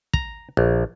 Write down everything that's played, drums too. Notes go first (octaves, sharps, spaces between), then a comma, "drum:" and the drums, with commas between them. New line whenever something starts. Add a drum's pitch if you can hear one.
A#5, drum: kick
A#1